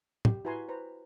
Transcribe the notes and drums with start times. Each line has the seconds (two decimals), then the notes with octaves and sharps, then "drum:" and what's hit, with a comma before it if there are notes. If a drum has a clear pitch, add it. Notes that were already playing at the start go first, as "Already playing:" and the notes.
0.25 G4, drum: tom
0.45 E4 F#4 B4 G#5 A#5 C6
0.69 B4 C5 A#5